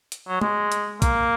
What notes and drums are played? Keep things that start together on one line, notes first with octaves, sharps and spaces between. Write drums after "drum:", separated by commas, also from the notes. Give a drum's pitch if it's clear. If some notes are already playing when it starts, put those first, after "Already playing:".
drum: hi-hat
F#3
G#3, drum: tom
drum: hi-hat
A#3, drum: kick, hi-hat